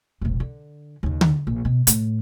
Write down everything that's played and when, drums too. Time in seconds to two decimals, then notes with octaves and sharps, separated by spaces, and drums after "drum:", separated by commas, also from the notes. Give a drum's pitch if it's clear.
0.21 E1 A#1
0.40 D3
1.03 D#2 C#3
1.21 drum: tom D3
1.47 A#1
1.65 B2
1.87 A2, drum: hi-hat